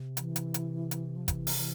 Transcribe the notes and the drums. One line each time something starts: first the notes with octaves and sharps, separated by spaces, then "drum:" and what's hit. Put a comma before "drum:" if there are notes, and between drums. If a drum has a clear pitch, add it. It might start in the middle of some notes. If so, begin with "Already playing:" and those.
Already playing: C3
E3, drum: hi-hat
drum: hi-hat
drum: hi-hat
drum: hi-hat
F3
E3, drum: kick, hi-hat
drum: open hi-hat
E3